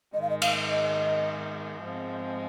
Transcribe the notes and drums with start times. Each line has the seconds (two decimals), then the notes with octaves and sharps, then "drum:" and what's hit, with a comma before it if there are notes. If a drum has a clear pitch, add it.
0.14 G#2 D#3 G#3 D#5
0.22 F5
0.30 D#5
0.42 F5, drum: cymbal
0.69 D#5
1.81 G#2 F3 G#3 C4